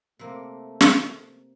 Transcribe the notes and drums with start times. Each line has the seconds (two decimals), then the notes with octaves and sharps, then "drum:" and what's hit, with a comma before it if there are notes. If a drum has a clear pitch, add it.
0.19 C3 A3 A#3
0.81 drum: snare